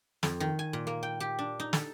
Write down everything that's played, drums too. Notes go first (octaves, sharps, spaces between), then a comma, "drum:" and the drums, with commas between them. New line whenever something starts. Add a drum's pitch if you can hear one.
F2, drum: snare
D#3
G#5
A#2
A#3
G5
G4
D4
D#4
A4, drum: snare